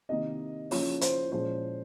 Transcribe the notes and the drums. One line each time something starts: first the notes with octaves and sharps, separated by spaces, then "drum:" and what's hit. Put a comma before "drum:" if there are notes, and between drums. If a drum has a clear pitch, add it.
C3 D#3 A#3 D#4 D#5
C#3 F3 A#3 C#4 F4 C#5, drum: open hi-hat
C5, drum: hi-hat
A#2 F3 G#3 C#4 C5